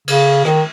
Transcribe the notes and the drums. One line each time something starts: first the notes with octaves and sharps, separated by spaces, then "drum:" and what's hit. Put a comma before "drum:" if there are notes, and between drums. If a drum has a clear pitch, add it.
C#3, drum: cymbal
D#3, drum: rim click